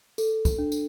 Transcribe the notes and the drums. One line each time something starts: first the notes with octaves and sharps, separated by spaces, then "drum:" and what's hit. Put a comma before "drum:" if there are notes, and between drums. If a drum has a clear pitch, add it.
A4, drum: tambourine
drum: kick, tambourine
D4
drum: tambourine